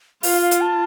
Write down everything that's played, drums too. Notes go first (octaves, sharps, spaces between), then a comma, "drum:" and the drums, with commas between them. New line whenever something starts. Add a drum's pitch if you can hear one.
F4 F5, drum: open hi-hat
F5
drum: hi-hat
A5